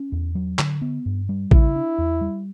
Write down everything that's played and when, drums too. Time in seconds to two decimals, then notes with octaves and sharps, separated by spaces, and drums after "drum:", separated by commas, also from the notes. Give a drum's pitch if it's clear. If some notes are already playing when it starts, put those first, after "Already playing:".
Already playing: C#4
0.12 E2
0.35 F#3
0.59 D3, drum: clap
0.82 B3
1.06 G2
1.29 G3
1.51 C#3 E4, drum: kick A1
1.76 D4
1.98 E2
2.21 G3